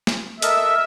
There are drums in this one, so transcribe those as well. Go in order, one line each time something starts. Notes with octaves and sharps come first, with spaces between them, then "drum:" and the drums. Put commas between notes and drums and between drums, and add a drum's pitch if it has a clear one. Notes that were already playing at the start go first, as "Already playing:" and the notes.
drum: snare
A4 A#4 D#5 E5, drum: hi-hat